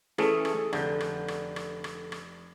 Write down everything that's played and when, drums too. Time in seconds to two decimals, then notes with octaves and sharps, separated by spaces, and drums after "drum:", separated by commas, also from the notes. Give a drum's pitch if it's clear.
0.18 E3 A3 C#4 G#4 A4 D#6, drum: rim click
0.45 drum: rim click
0.73 F1 D3 G6, drum: rim click
1.00 drum: rim click
1.28 drum: rim click
1.56 drum: rim click
1.84 drum: rim click
2.12 drum: rim click